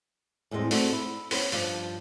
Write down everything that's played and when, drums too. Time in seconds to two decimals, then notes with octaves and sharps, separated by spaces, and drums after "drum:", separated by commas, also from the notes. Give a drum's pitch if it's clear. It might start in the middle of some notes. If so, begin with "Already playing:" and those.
0.51 E2 A2 G3 G#3 C4
0.71 A3 C4 E4 F#4 D5, drum: open hi-hat
0.93 E4
1.31 B3 C#4 B4 C5, drum: open hi-hat
1.52 G2 F3 D4, drum: open hi-hat